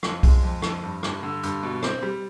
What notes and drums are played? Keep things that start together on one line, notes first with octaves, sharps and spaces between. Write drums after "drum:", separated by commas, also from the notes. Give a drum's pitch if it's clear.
F2 F4, drum: rim click
G#3, drum: kick B1, open hi-hat
F2
F2, drum: rim click
G2
G2, drum: rim click
D3
G2, drum: hi-hat
B2
C4, drum: rim click
G3